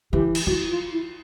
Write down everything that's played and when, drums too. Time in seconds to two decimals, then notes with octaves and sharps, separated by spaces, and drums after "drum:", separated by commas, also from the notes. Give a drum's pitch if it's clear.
0.13 E3 G4
0.35 drum: cymbal
0.47 E3 F#4
0.69 F4
0.92 E4